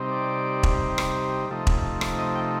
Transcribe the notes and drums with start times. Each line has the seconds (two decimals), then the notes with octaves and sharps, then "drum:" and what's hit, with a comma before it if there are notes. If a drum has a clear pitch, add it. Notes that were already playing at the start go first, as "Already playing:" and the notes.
Already playing: C3 G3 C4 D#4
0.12 D5
0.63 drum: kick E1
0.98 drum: rim click
1.49 C3 F3 A3 D#4
1.67 drum: kick E1
2.01 drum: rim click
2.19 D#5
2.35 G5